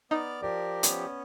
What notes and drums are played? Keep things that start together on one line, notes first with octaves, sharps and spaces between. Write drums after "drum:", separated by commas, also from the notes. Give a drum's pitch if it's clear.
B3 D#4 D5 F6
F3 G4 A#4 D5
B3 C#4, drum: hi-hat